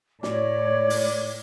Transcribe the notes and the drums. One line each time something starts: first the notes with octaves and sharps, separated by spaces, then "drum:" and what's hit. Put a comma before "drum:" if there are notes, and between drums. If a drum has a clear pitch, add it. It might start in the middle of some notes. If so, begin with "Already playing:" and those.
A2 C#5 D5, drum: snare
drum: open hi-hat